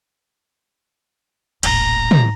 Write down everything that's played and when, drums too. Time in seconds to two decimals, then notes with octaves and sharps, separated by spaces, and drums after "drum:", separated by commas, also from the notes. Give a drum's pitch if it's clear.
1.63 D#1 A1 A#5, drum: cymbal
2.11 drum: tom